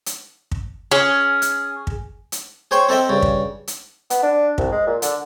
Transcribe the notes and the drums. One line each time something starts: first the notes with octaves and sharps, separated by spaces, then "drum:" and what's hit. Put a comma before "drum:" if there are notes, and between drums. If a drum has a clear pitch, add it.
drum: hi-hat
drum: kick
C#4 G#4
drum: hi-hat
drum: kick
drum: hi-hat
G#4 C5 C#5 G5 C6 C#6
C4 A4 D#5 E5 G5
G2 C#3
drum: kick
drum: hi-hat
B3, drum: hi-hat
D4
C2, drum: kick
G#3
A#2
D3, drum: hi-hat